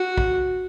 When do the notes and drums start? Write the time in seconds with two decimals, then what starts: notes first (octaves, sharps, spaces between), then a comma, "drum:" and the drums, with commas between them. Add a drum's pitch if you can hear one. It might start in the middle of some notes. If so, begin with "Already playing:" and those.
Already playing: F#4
0.18 drum: kick